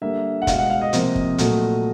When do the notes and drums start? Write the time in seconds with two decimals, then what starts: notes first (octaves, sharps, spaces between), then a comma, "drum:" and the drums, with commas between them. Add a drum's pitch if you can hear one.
0.01 D3 G3 A#3 E5
0.42 F#5
0.47 B2 G#3 F5, drum: kick, hi-hat
0.59 F#5
0.70 F5
0.81 D#5
0.93 C3 F3 A#3, drum: hi-hat
1.16 drum: kick
1.38 A#2 F#3 A3, drum: hi-hat